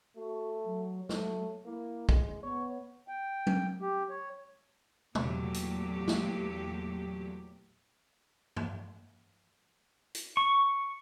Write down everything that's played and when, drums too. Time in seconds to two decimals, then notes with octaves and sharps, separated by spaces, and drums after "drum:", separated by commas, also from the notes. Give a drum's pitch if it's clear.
0.16 A3 F#4
0.65 F#3
1.09 F#3 A3, drum: snare
1.65 A#3 E4
2.09 G#3, drum: kick
2.43 B3 C#5
3.08 G5
3.47 drum: tom F#3
3.82 G4
4.10 C#5
5.15 E2 A#2 F#3 A3 G4, drum: tom B2
5.54 drum: hi-hat
6.08 drum: snare
8.56 drum: tom G2
10.15 drum: hi-hat
10.37 C#6